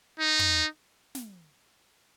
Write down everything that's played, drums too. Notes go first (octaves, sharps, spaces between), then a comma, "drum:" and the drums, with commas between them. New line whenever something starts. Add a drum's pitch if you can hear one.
D#4
drum: tom
drum: snare